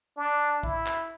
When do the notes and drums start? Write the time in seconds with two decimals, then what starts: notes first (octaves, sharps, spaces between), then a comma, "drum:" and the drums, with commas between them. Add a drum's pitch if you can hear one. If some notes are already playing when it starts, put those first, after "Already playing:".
0.17 D4
0.63 E4, drum: kick
0.87 drum: clap